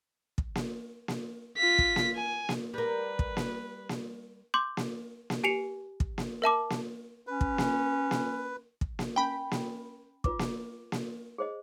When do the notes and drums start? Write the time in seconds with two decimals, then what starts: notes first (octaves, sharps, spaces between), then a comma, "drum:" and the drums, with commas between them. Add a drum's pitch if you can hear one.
0.38 drum: kick
0.55 drum: snare A#3
1.08 drum: snare A#3
1.57 F4 B6
1.78 drum: kick
1.96 drum: snare A#3
2.16 G#5
2.49 drum: snare A#3
2.74 G3 A#4 B4
3.19 drum: kick
3.37 drum: snare A#3
3.89 drum: snare A#3
4.54 C6 D6 G6
4.77 drum: snare A#3
5.30 drum: snare A#3
5.44 G4 G#5 C7 C#7 F7
6.00 drum: kick
6.18 drum: snare A#3
6.42 A#4 E5 A5 D6
6.70 drum: snare A#3
7.27 C#4 B4
7.41 drum: kick
7.58 drum: snare A#3
8.11 drum: snare A#3
8.81 drum: kick
8.99 drum: snare A#3
9.16 C#4 G5 G#5 B5
9.51 drum: snare A#3
10.24 F4 B4 D6, drum: kick
10.39 drum: snare A#3
10.92 drum: snare A#3
11.38 G#4 C5 D#5